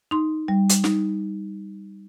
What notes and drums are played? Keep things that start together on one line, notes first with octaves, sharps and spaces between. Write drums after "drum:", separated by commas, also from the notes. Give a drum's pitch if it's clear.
D#4 C6
G3
drum: hi-hat
D#4, drum: snare